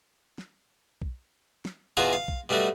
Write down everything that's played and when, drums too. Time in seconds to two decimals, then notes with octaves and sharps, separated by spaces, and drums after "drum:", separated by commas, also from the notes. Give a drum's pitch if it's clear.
0.38 drum: snare
1.02 drum: kick B1
1.65 drum: snare
1.97 E2 B2 F4 F#4 G#5 A#5
2.13 F5
2.28 drum: kick B1
2.49 B2 G3 A3 F#4